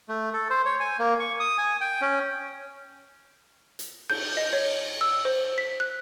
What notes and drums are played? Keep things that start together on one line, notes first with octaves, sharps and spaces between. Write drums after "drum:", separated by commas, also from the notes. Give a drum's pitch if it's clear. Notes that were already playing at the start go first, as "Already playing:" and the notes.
A3
A4
C5
C#5
G#5
A#3
C#6
D#6
G#5
G5
C#4
drum: hi-hat
G6, drum: cymbal
D#5
C#5
E6
C5
B6
F#6